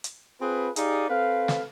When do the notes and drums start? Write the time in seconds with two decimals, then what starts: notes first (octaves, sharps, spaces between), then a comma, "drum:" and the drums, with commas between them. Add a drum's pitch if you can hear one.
0.04 drum: hi-hat
0.41 C4 F4 G#4 B4
0.76 D#4 G4 G#4 D5 F5, drum: hi-hat
1.09 C4 A4 B4 F5
1.48 drum: snare